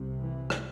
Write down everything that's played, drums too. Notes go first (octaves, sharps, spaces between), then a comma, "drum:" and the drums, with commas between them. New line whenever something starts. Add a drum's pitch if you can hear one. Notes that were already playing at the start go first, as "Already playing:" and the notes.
Already playing: C2 C3
E3
drum: rim click